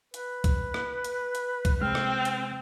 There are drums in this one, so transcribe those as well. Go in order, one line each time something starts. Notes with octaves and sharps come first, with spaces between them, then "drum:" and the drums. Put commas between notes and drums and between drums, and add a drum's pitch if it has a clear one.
B4, drum: hi-hat
drum: kick C2, hi-hat
drum: rim click
drum: hi-hat
drum: hi-hat
drum: kick C2, hi-hat
C3 G#3 C4 F6
drum: rim click
drum: hi-hat